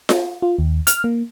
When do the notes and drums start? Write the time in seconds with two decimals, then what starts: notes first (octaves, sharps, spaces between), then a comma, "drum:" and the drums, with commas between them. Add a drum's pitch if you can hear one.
0.09 drum: snare F4
0.42 F4
0.59 D#2
0.87 F6, drum: hi-hat
1.04 A#3